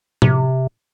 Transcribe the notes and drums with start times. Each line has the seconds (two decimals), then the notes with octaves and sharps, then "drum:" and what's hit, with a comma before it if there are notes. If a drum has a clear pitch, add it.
0.22 C3, drum: tom A2